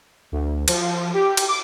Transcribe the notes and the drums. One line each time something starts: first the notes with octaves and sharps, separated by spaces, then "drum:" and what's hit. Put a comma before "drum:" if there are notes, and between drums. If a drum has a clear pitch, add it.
D2
F3, drum: cymbal
G4
drum: cymbal
D6